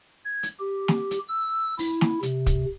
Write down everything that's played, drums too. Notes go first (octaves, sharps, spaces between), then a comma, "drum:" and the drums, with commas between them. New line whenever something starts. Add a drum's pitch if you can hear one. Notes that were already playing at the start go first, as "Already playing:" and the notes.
G#6
drum: hi-hat
G4
drum: snare
drum: hi-hat
E6
E4, drum: open hi-hat
drum: snare
C3, drum: hi-hat
drum: kick, hi-hat